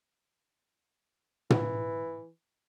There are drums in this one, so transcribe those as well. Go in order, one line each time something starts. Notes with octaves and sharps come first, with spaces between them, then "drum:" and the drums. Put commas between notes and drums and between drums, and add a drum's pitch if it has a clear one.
E3, drum: tom